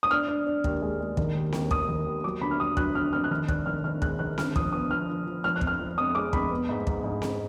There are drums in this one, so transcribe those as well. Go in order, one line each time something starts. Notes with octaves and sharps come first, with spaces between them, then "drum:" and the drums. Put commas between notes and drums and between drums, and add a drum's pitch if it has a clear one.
D#6
D4 F6
D4
D4
D#2, drum: kick
G#3
G#3
D#3, drum: kick
D#2
D#2, drum: snare C4
D#2 D#6, drum: kick
D#3
D#2
F#3 D6
D3 B5
F6
F#3 D#6
F#3 F#6, drum: kick
D3 F6
F2 F6
F#6
D#3 F6
D4 F#6, drum: kick
D#3 F6
D#3 F6
G#3 F#6, drum: kick
D#3 F#6
D3 F6, drum: snare C4
F3 D#6, drum: kick
B3 D#6
F3 F6
F3
F3
F3 F6
F#6
F2, drum: kick
F6
F3
F2 D#6
G#3 D6
F2 B5, drum: kick
B3
G#2
G#2, drum: kick
G#2
G#2, drum: snare C4